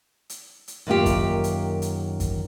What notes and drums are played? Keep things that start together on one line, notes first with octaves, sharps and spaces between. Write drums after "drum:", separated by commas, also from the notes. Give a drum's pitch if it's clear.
drum: hi-hat
drum: hi-hat
F#2 D#3 A#3 F4 G4
drum: kick, hi-hat
drum: hi-hat
drum: hi-hat
drum: kick, hi-hat